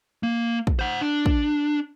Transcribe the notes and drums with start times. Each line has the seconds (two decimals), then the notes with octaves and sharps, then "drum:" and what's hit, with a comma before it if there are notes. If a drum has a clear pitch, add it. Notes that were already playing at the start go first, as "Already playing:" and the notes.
0.23 A#3
0.67 drum: kick
0.79 C5 F#5
1.01 D4
1.26 drum: kick